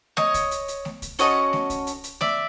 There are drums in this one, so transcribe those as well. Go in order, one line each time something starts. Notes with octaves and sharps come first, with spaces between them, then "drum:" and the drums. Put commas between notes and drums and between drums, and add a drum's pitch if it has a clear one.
C#5 D#5, drum: snare A3
drum: kick C2, hi-hat
drum: hi-hat
drum: hi-hat
drum: snare A3
drum: kick C2, hi-hat
C#4 F#4 A4 C#5 D#5, drum: hi-hat
drum: snare A3
drum: kick C2, hi-hat
drum: hi-hat
drum: hi-hat
D5 E5, drum: snare A3